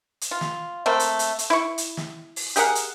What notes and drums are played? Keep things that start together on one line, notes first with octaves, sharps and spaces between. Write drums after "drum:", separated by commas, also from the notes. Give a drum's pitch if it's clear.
drum: hi-hat
F4
drum: snare
A3 A#3 C4
drum: hi-hat
drum: hi-hat
drum: hi-hat
E4 C#6
drum: hi-hat
drum: snare
drum: open hi-hat
G4 G#4 A#4 F#5, drum: hi-hat
drum: hi-hat